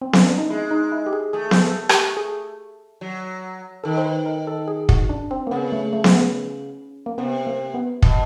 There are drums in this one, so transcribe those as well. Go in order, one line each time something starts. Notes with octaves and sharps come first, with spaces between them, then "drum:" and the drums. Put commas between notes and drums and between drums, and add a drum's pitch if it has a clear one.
C4
C#4, drum: snare B3
D4
D#4
G#3 E4
D#4
E4
G4
G#4
A3 G#4
G#4, drum: snare B3
A4
G4, drum: rim click
G#4
F#3
D#3 A4
C5
B4
A#4
A4
G#4
F#4, drum: kick
D4
C4
A#3
C#3 B3
A3
A3
drum: snare B3
B3
A#3
C3 B3
A#3
B3
B2, drum: kick